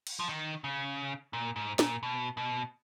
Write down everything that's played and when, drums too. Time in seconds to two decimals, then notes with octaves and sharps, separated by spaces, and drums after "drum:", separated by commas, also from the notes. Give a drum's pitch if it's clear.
0.07 drum: cymbal
0.20 F3
0.29 D#3
0.64 C#3
1.33 A#2
1.56 G#2
1.79 A#2, drum: snare
2.03 B2
2.37 B2